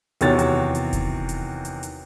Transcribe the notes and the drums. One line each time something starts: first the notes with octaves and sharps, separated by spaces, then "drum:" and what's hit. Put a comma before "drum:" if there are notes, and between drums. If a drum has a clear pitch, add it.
E2 C3 D#3 F#4 C#5 A6, drum: hi-hat
drum: hi-hat
drum: hi-hat
drum: kick E1, hi-hat
drum: hi-hat
drum: hi-hat
drum: hi-hat